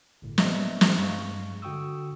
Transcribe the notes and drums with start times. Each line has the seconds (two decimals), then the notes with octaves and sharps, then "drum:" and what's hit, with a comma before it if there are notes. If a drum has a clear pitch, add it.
0.22 G1 A2
0.38 F#3 A#3 B3 D4 D#5 E5, drum: snare
0.81 drum: snare
0.98 G2 G#3 F5 C#6
1.62 D3 F#4 G5 C#6 D#6 E6